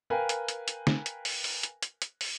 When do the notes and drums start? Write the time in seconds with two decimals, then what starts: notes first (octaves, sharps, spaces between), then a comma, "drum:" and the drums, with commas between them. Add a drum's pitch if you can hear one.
0.10 A#4 B4 F5 G5 G#5 A#5
0.29 drum: hi-hat
0.48 drum: hi-hat
0.68 drum: hi-hat
0.87 drum: snare
1.06 drum: hi-hat
1.25 drum: open hi-hat
1.44 drum: open hi-hat
1.63 drum: hi-hat
1.83 drum: hi-hat
2.02 drum: hi-hat
2.21 drum: open hi-hat